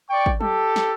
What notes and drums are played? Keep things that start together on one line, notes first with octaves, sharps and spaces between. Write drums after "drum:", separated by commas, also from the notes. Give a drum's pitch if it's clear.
D5 G5 C#6
drum: kick
G4 A4, drum: tom F#3
drum: snare